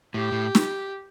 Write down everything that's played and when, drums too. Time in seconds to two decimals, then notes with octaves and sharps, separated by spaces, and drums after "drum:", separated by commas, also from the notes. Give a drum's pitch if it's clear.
0.14 A2 G4
0.32 A2
0.55 drum: snare